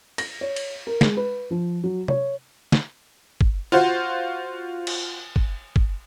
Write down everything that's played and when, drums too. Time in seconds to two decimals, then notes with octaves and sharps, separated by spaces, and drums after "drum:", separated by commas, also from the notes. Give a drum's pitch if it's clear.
0.18 A#6, drum: cymbal
0.41 C#5
0.56 drum: cymbal
0.87 A#4
1.01 G#3, drum: snare
1.17 B4
1.51 F3
1.84 F#3
2.08 C#5, drum: tom C3
2.72 drum: snare
3.41 drum: kick
3.72 F4 F#4 C5 F#5
4.87 drum: cymbal
5.36 drum: kick
5.76 drum: kick